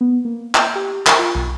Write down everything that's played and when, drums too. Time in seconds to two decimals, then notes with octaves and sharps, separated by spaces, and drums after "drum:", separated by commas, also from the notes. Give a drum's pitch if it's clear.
0.01 B3
0.25 A#3
0.55 G6, drum: clap
0.75 G4
1.07 A#4, drum: clap
1.19 F4
1.35 B1